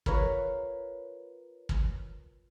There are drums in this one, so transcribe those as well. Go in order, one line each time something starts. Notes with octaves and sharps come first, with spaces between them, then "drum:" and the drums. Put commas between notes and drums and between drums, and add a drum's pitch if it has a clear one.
F4 A#4 B4 C#5, drum: kick
drum: kick